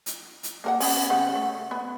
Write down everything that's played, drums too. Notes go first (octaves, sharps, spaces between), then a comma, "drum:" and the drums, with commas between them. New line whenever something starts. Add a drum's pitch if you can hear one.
drum: hi-hat
drum: hi-hat
A#3 A#4 F#5
B3 C#4, drum: open hi-hat
C#3 G3 F#5
A3
B3